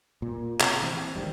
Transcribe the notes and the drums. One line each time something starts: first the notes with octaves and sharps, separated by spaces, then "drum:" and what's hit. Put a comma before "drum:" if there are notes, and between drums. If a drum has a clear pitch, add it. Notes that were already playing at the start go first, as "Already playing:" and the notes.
A#2
C3, drum: clap
E3 B3 C4
G#1 E2 D#3 G3